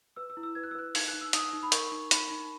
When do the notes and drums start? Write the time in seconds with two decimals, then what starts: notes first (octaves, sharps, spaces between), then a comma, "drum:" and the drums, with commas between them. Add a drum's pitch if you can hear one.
0.16 B4 E6
0.30 E6
0.37 E4
0.43 E6
0.55 B4 G#6
0.63 F#6
0.71 E6
0.75 B4 F#6
0.95 D#4 G#6, drum: open hi-hat
1.08 F#6
1.14 D#4
1.21 E6
1.33 D#4 D#6, drum: hi-hat
1.53 D#4
1.63 B5
1.72 A#4 C#6, drum: hi-hat
1.92 D#4
2.11 D#4 B5, drum: hi-hat
2.30 D#4